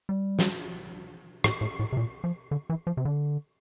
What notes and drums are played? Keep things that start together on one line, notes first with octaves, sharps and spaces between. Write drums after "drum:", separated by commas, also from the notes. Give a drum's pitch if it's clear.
G3
drum: snare
A2, drum: rim click
A2
A2
C3
A#2
F3
D3
E3
F3
C3
D3